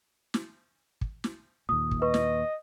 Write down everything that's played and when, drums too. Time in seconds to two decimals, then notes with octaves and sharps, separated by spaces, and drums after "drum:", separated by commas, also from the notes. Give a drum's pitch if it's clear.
0.34 drum: snare
1.01 drum: kick
1.24 drum: snare
1.69 D#2 A#2 D#6
1.91 drum: kick
2.02 B4 D#5 C#6
2.14 drum: snare